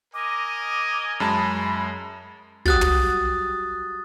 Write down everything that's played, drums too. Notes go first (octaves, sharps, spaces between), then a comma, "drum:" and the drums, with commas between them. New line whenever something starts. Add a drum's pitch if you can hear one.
A#4 D#5 G#5 D6
F#2 G#3 A5 B5
F#4 G4 D#6 F#6 A6, drum: kick
drum: tom